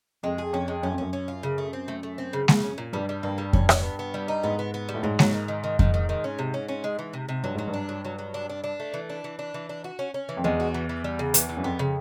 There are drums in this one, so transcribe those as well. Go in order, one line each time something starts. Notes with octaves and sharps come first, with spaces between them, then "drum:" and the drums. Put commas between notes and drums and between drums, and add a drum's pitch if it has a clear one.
F2 G#3
G#4
F2 C#4
G#3
F#2 C#4
F2
F#2 C#4
C#4
F4
C#3
A3
C4
A3
A3
C4
C#3
C#3, drum: snare G#3
C#4
A#2
G2 G3
G3
G2 A#3
G3
C#4, drum: kick F2
C#4, drum: rim click
B3
B3
G3
D#4
G#2 B3
B3
B3
G3
A2
G#2 F#3
F#3, drum: snare G#3
D#3
D#3
D#3
D#3, drum: kick F2
D#3
D#3
C#4
C3
C#4
C#4
G#3
E3
C3
C3
G2 F#3
G#2 F#3
G2
D4
F#3
F#3
F#3
D4
D4
D4
A3
E3
D4
E3
D4
E3
D4
F#4
C#4
C#4
E3
F2
E2 G#3
F#4
E3
E3
G3
C#3
E3, drum: hi-hat
E3
F#2
F2 B3
C#3